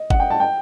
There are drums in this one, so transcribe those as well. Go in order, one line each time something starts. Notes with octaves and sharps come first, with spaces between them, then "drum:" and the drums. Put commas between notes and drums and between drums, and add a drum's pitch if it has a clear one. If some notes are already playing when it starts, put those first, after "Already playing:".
Already playing: D#5
F#5, drum: kick G1
G5
A5
G5